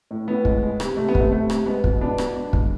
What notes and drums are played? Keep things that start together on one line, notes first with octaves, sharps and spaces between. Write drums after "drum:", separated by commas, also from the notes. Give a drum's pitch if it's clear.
A2
A2 B3
G#3, drum: kick
G#3
C3, drum: rim click
C3 A3
B3
C3, drum: kick
A3
C3 A3
C3, drum: rim click
G#3 B3
B2, drum: kick
G#3 B3 D4
B2, drum: rim click
B2
G#3, drum: kick